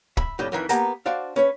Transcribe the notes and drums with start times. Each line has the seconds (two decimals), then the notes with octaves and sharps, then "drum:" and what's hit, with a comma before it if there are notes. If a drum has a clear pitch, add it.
0.17 E5 B5, drum: kick
0.39 F2 A2 G3 G4
0.52 F2 D#3 E3 E4
0.69 A#3 B3 G4 F#5 A5 A#5, drum: hi-hat
1.06 D4 F#4 C5 D5 F5
1.36 C#4 B4 C#5